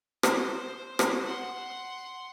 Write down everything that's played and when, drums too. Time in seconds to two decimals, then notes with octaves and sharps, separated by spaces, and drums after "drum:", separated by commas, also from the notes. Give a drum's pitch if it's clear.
0.23 C5, drum: rim click
0.99 drum: rim click
1.24 F#5 C6